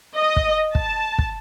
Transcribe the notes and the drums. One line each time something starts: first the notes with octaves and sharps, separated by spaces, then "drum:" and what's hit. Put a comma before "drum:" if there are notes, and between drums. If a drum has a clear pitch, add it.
D#5
drum: kick
A5, drum: kick
drum: kick